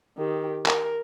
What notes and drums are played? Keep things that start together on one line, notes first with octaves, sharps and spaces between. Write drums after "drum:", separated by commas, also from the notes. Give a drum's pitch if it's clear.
D#3 G4
A#4, drum: clap